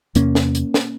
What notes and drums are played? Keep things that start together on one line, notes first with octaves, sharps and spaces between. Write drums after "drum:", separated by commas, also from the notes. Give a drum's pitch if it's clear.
E2 C3 A#3 C#4, drum: hi-hat
drum: snare
drum: hi-hat
drum: snare